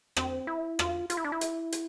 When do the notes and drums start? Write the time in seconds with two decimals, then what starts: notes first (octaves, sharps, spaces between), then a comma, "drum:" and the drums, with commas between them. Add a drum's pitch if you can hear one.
0.16 C4, drum: rim click
0.47 E4
0.79 F4, drum: rim click
1.10 F4, drum: hi-hat
1.17 E4
1.25 D4
1.32 E4
1.41 drum: hi-hat
1.72 drum: hi-hat